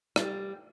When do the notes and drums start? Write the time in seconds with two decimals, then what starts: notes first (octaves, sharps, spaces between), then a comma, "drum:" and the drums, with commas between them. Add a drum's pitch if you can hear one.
0.16 G3, drum: rim click